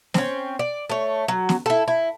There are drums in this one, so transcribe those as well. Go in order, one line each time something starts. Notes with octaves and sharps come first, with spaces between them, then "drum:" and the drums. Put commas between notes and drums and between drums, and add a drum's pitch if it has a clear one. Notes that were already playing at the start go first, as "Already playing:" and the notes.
C4 C#4, drum: snare
D5
A3 C#5
F#3
drum: snare
E4 A4
E4